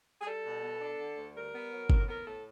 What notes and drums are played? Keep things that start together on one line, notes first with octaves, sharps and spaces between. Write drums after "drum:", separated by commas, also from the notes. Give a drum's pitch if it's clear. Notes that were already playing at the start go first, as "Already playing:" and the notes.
G#4
G3 A4
B2
B3
D4
D3
D2
G3 A#4
B3
F#3
A2, drum: kick G1
B3 A#4
A2 A4